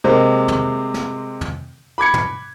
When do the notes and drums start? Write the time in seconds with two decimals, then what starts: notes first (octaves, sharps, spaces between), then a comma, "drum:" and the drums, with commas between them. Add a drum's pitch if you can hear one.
0.04 C3 G#3 A#3 C5
0.48 drum: tom
0.94 drum: snare
1.41 drum: tom
1.98 B5 D6 G#6 C#7
2.14 drum: tom